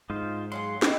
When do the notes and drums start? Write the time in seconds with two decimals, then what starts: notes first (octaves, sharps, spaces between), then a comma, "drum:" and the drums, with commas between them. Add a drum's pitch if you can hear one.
0.10 G#2 D#4 F4 C5
0.52 F#3 F4 G#4 C6
0.82 D#4 E4 G4, drum: snare